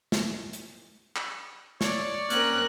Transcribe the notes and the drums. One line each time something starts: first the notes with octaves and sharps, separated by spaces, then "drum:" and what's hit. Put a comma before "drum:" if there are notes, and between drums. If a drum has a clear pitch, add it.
drum: snare
drum: hi-hat
drum: clap
C#5 D5, drum: snare
A#3 C4 C#4 A#4 F#6, drum: hi-hat